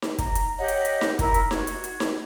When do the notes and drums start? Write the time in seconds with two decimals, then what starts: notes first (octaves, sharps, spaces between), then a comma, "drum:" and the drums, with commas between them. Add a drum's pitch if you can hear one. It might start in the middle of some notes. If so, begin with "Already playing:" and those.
0.02 drum: snare D#4
0.18 A#5, drum: kick, hi-hat
0.35 drum: hi-hat
0.59 G4 C#5 D#5 F#5
0.68 drum: hi-hat
0.85 drum: hi-hat
1.01 drum: snare D#4
1.19 E4 A#4 A#5, drum: kick, hi-hat
1.34 drum: hi-hat
1.51 F#4 G#6, drum: snare D#4
1.67 drum: hi-hat
1.84 drum: hi-hat
2.00 drum: snare D#4